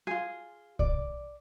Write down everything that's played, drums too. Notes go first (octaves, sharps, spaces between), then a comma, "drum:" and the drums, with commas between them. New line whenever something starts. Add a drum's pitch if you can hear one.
F4 G#4
D5, drum: kick B1